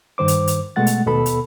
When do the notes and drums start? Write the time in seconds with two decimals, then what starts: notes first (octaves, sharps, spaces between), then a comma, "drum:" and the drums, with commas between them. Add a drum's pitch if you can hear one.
0.18 G2 D#3 C5 D6
0.28 drum: hi-hat
0.47 drum: hi-hat
0.76 B2 G#3 A3 F#5 A6
0.87 drum: hi-hat
1.06 D#2 B2 B3 A4 B5
1.26 drum: hi-hat